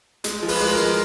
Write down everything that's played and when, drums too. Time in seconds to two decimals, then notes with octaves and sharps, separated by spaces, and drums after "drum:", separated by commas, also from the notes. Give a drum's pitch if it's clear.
0.24 G#3, drum: hi-hat
0.43 F3
0.48 B4, drum: open hi-hat
0.61 G#3
0.73 A#4
0.79 F3